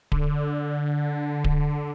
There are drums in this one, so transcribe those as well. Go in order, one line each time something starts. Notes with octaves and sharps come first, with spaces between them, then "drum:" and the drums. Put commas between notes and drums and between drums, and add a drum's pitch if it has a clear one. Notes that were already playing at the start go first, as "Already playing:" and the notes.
D3, drum: kick D1
drum: kick D1